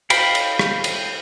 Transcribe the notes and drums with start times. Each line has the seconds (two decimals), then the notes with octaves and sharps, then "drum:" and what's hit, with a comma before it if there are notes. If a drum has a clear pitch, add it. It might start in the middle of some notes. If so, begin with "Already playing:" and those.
0.10 F5 G5 B5, drum: cymbal
0.35 drum: cymbal
0.59 drum: rim click
0.84 drum: cymbal